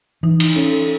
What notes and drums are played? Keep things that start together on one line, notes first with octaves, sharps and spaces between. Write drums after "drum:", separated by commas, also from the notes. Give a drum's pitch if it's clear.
E3 D#4
D#4, drum: cymbal
C#4 A4
A4